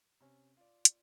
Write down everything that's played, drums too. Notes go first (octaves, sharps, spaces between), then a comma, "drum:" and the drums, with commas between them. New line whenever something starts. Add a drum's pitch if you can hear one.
C3 C#4
F4 D5
drum: hi-hat